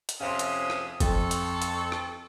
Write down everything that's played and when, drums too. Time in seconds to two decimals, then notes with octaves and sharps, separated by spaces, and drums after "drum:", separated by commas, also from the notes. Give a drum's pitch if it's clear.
0.09 drum: hi-hat
0.21 F2 C3 C#4 F5 C6 D#6
0.39 drum: hi-hat
0.70 drum: rim click
1.00 F2 F4 A4 C#6, drum: kick, hi-hat
1.31 drum: hi-hat
1.62 drum: hi-hat
1.92 drum: rim click